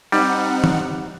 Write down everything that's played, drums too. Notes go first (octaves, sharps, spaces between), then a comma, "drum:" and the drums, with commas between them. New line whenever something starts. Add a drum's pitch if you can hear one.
G3 C4 D#4 F#5
drum: tom